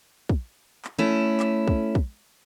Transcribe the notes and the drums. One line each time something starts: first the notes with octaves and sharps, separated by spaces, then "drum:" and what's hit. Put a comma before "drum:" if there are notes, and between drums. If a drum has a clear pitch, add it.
drum: kick
drum: clap
A3 C#4 E4
drum: clap
drum: kick
drum: kick